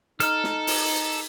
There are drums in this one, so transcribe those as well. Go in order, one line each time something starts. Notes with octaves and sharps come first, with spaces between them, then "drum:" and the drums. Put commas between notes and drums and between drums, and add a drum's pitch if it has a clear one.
D#4 A4 F6, drum: hi-hat
drum: snare
drum: open hi-hat